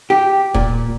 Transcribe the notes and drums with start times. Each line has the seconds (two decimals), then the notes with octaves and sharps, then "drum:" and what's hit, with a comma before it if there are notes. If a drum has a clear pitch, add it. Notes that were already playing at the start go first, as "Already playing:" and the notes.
0.10 G4
0.54 A#2, drum: kick D#1